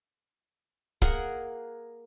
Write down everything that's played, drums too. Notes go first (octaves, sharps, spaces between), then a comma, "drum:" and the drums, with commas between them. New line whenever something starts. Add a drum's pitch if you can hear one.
A#3 G#4 A#4 F#5, drum: kick